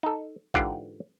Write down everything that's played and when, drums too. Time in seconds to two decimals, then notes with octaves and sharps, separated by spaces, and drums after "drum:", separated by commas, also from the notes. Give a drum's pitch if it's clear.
0.03 D#4 A4
0.54 G#2 D3 E3 F4 G4 F#5, drum: kick